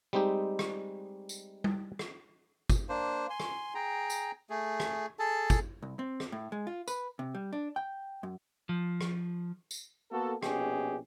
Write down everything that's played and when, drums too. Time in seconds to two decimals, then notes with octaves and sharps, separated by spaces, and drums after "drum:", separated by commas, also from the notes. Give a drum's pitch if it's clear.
0.13 G3 G#3 C4 D#4 G4
0.59 drum: rim click
1.29 drum: tambourine
1.64 drum: tom G3
1.99 drum: rim click
2.69 drum: kick, tambourine
2.89 A#3 D4 C5
3.30 G#5 C6
3.40 drum: rim click
3.75 G#4 G5 A#5
4.10 drum: tambourine
4.50 A3 G#4
4.80 drum: rim click
5.19 G#4 A4 A5
5.50 drum: kick, tambourine
5.82 C2
5.99 C4
6.20 drum: rim click
6.32 A2
6.52 G#3
6.67 F4
6.88 B4, drum: tambourine
7.19 C3
7.35 G3
7.53 D4
7.76 G5
8.23 F#2
8.69 F3
9.01 drum: rim click
9.71 drum: tambourine
10.11 A#3 B3 F#4 A4
10.43 A#1 B2 C#4 G4 G#4, drum: rim click